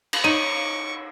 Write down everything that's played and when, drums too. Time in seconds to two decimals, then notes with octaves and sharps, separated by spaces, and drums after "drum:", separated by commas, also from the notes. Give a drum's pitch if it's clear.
0.13 drum: cymbal
0.24 D#4 C#5 C#6 D6 D#7